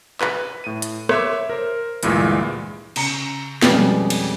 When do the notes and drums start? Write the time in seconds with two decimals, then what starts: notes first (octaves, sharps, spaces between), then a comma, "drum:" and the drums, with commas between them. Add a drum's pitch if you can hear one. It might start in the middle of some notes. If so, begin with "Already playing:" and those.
0.21 B4, drum: clap
0.64 A2 D#7
0.82 drum: hi-hat
1.09 C#5 E5 D6, drum: rim click
1.50 A#4 C5
2.03 D2 G2 A#2 E3 G#3, drum: hi-hat
2.96 C#3 A#5 C#7, drum: cymbal
3.62 F2 B2 G3 G#3 B3 C#4, drum: snare
4.10 drum: cymbal